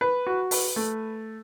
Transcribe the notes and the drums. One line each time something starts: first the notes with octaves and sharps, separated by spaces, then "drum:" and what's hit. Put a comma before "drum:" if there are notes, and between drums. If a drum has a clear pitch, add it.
B4
F#4
B4, drum: open hi-hat
A3